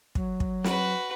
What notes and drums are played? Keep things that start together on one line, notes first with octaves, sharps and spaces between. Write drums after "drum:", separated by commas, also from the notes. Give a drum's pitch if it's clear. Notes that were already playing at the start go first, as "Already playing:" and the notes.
F#3, drum: kick
drum: kick
F#4 B4, drum: snare